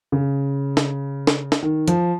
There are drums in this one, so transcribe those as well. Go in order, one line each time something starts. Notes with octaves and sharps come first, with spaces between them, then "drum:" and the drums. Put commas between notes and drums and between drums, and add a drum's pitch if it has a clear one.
C#3
drum: snare
drum: snare
drum: snare
D#3
F3, drum: hi-hat